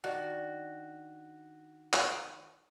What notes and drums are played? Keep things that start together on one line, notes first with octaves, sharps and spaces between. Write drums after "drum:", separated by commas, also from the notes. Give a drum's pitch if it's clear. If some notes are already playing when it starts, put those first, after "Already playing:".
D#3 D4 F#4 D5
drum: clap